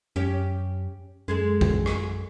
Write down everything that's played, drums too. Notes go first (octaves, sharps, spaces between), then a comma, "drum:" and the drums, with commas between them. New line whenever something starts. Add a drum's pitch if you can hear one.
F#2 C#4 G4
F#2 G#3 G#4 A4
drum: kick A#1
drum: rim click